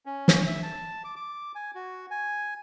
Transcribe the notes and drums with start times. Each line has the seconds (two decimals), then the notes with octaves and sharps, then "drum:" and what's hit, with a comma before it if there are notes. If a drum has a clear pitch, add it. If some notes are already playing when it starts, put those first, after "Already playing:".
0.06 C#4
0.28 drum: snare
0.46 E5
0.63 A5
1.04 D6
1.16 D6
1.55 G#5
1.75 F#4
2.11 G#5